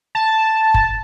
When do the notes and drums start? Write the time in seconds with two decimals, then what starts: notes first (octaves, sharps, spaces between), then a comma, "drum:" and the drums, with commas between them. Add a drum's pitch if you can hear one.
0.15 A5
0.74 drum: kick F#1